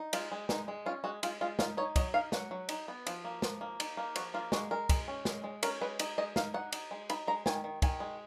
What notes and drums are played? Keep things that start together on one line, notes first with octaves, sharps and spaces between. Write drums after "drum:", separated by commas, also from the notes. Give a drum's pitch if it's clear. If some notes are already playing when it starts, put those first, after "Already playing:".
Already playing: D#4
G#3 F4, drum: cymbal
G#3
G#3 D#4, drum: snare
G#3
C#4 F4
G#3 F#4
G#3 F4, drum: cymbal
G#3 F4
D#4 F4, drum: snare
D#4 C#5
F#3 D#5, drum: kick, cymbal
D#4 F5
F#3 F#5, drum: snare
F#3
D#4, drum: cymbal
B3
F3, drum: cymbal
A#3
F3, drum: snare
A#3
D#4, drum: cymbal
A#3
F3 F#4, drum: cymbal
A#3 F4
G#3 F#4, drum: snare
G#3 A#4
G#3, drum: kick, cymbal
C#4
G#3, drum: snare
G#3
C#4 A#4, drum: cymbal
G#3 B4
D#4 D#5, drum: cymbal
G#3 D#5
D#4 F5, drum: snare
D#4 F#5
D#4, drum: cymbal
G#3
D#4 B5, drum: cymbal
G#3 A#5
D#3 G#5, drum: snare
D#3
D#3 G#5, drum: kick, cymbal
G#3